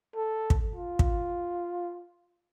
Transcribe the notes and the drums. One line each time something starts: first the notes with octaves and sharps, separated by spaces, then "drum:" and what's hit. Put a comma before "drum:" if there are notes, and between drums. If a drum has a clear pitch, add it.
A4
drum: kick
F4
drum: kick